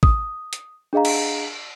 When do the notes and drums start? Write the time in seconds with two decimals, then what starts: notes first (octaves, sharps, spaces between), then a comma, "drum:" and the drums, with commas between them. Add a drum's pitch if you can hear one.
0.03 D#6, drum: kick A1
0.53 drum: hi-hat
0.93 D4 G#4 D#5 F5 A#5
1.05 drum: cymbal